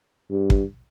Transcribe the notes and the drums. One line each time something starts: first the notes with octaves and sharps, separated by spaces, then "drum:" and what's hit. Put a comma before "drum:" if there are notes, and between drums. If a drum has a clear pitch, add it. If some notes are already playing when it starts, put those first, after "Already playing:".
G2
drum: kick